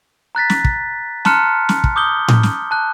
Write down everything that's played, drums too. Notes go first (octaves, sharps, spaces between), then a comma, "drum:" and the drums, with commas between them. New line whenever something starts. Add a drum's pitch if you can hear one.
A#5 F#6 A6 B6
drum: snare
drum: kick
A5 A#5 C6 F6 F#6 C#7, drum: snare
drum: snare
drum: kick
D6 D#6 G6 G7
drum: tom A2
drum: snare
A5 F#6